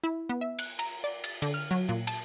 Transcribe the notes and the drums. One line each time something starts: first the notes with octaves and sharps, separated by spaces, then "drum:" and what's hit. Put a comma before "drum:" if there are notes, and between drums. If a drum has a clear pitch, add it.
E4
B3
E5
F#6, drum: cymbal
A#5, drum: cymbal
D5
A6, drum: cymbal
D3, drum: cymbal
F6
F#3
A#2
A5, drum: cymbal